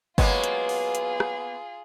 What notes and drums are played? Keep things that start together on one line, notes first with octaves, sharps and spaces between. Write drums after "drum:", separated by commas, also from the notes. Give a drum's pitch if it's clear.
F#3 G#3 A#3 B3 C#4 F4 G#4, drum: kick G1, open hi-hat
drum: hi-hat
drum: open hi-hat
drum: hi-hat
drum: rim click